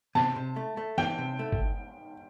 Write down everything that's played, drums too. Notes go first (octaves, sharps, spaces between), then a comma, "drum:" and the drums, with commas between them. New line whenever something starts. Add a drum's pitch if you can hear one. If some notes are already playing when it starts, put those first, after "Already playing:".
C3 A5, drum: snare
C3
A3
A3
E3 G5, drum: snare
C3
A3
drum: kick G1